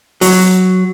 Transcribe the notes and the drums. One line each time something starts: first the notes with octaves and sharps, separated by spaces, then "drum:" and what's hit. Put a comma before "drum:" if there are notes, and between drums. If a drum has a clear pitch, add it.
F#3, drum: open hi-hat